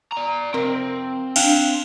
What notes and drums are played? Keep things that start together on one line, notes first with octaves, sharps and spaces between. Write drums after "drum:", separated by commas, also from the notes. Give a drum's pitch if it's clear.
D5 A#5
F2 C3 C4 A#4
D4 F5 G5, drum: cymbal